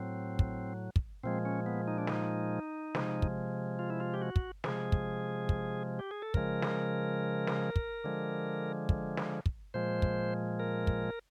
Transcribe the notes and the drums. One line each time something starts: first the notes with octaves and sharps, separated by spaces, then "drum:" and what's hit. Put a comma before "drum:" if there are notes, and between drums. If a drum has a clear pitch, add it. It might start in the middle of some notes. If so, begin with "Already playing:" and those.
Already playing: A2 F#3 C4
drum: kick
drum: kick
A#2 F3 G#3 C4
C#4
B3
D#4
D4
D#4, drum: snare
C3 F3 G#3, drum: snare
drum: kick
F4
E4
F4
G4
F#4
drum: kick
C3 F3 G#3 G#4, drum: snare
drum: kick
drum: kick
G4
G#4
A4
C#3 F3 G#3 A#4, drum: kick
drum: snare
drum: snare
drum: kick
D3 F3 G#3
drum: kick
drum: snare
drum: kick
A#2 F3 G#3 C5
drum: kick
A#4
drum: kick